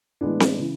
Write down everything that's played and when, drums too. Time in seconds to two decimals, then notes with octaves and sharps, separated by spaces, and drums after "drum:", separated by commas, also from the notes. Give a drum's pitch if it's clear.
0.21 A2 E3 G#3 B3 D4
0.40 drum: snare C4
0.59 C#3 E3